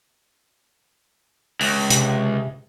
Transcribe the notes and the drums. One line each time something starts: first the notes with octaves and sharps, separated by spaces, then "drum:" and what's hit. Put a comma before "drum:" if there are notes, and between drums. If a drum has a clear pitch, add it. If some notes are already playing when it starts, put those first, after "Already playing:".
C#2, drum: open hi-hat
C3, drum: hi-hat